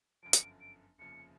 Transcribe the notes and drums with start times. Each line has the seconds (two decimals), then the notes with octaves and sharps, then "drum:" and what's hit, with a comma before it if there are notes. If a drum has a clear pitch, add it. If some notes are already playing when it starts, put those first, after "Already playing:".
0.23 G1 F#2 D3 F3 D7
0.33 C#7, drum: hi-hat
0.43 D7
0.61 D7
0.98 F1 D#2 C#3 F3 C#7